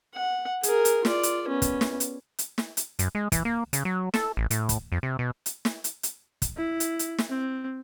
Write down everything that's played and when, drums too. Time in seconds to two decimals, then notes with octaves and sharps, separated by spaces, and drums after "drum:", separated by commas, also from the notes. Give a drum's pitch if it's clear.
0.15 F#5
0.63 G#4 A#4, drum: hi-hat
0.85 drum: hi-hat
1.05 F4 D5, drum: snare
1.23 drum: hi-hat
1.48 B3 C#4
1.62 drum: kick, hi-hat
1.81 drum: snare
2.00 drum: hi-hat
2.39 drum: hi-hat
2.58 drum: snare
2.77 drum: hi-hat
2.99 F#2, drum: hi-hat
3.15 G#3
3.32 E3, drum: kick, hi-hat
3.45 A#3
3.73 C#3, drum: hi-hat
3.85 F#3
4.14 A4, drum: snare
4.37 A1
4.51 A2, drum: hi-hat
4.69 drum: kick, hi-hat
4.92 F2
5.03 C3
5.19 B2
5.46 drum: hi-hat
5.65 drum: snare
5.84 drum: hi-hat
6.03 drum: hi-hat
6.42 drum: kick, hi-hat
6.57 E4
6.80 drum: hi-hat
6.99 drum: hi-hat
7.18 drum: snare
7.30 C4